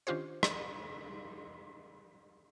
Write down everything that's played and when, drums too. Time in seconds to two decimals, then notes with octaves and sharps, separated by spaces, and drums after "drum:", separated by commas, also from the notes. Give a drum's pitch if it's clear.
0.07 D#3 C#4 D4 F4 G4 C5
0.43 drum: rim click